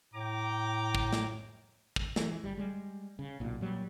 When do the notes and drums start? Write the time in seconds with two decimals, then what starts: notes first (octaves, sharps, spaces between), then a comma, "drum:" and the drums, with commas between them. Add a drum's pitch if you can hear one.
0.14 A2 G5 A#5 D6
0.95 drum: kick
1.13 drum: snare
1.96 drum: kick
2.16 E3 G#3, drum: snare
2.44 G1 G3
2.58 G3 G#3
3.19 C#3
3.40 B1 A#2
3.61 A#2 F#3 G3